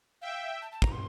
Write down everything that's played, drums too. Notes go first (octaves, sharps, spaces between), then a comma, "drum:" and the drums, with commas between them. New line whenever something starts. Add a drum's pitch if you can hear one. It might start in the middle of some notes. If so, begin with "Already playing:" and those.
E5 F5 G5
A5
A5
A#5, drum: kick
C6